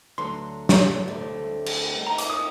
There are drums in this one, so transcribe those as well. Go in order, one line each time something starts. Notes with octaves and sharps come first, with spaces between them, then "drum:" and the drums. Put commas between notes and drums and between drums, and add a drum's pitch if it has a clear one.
D2 D3 F#3 C6
drum: snare
D2 D3 A3 C4
drum: cymbal
D#2 D#3 A3 C4
A#5
D6, drum: hi-hat
D#6